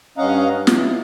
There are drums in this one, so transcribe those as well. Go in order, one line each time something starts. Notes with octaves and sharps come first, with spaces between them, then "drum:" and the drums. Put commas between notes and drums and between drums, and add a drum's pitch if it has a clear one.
G2 C#4 D#5 F5 F#5 A#5
E3, drum: snare